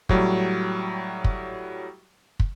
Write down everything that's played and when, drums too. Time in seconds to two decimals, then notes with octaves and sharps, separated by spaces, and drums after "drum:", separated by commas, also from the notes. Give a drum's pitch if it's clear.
0.09 A2 F#3 G3, drum: kick
1.24 drum: kick
2.40 drum: kick